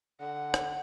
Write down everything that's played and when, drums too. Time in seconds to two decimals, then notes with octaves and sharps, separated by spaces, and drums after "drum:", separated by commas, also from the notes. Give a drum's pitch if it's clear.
0.20 D3 F#5
0.54 drum: rim click